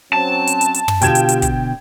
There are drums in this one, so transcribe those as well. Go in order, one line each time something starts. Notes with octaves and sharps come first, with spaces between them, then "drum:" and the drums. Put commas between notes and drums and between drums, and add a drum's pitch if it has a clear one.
F#3 C4 C#4 A5
drum: hi-hat
drum: hi-hat
drum: hi-hat
drum: tom
B2 D3 F4 G4 G5 G#6 E7, drum: hi-hat
drum: hi-hat
drum: hi-hat
drum: kick, hi-hat